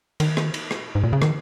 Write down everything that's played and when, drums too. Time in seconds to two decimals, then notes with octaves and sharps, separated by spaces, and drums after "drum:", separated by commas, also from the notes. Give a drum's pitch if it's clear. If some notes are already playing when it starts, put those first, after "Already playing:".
0.20 D#3, drum: cymbal
0.37 drum: rim click
0.54 drum: cymbal
0.71 drum: rim click
0.95 G#2
1.04 A#2
1.13 C#3
1.22 D#3, drum: rim click